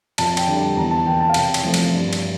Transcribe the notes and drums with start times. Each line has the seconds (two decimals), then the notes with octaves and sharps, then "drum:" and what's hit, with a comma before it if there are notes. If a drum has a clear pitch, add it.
0.18 F2 A5, drum: cymbal
0.37 G5, drum: cymbal
0.47 D3 G3 D4
0.57 A5
0.76 E2 A#5
0.91 A5
1.05 E3 A#3 G5
1.20 A5
1.29 F5
1.34 C3 G5, drum: cymbal
1.54 drum: cymbal
1.64 F3 A3 C4
1.74 drum: cymbal
1.93 G2
2.13 drum: cymbal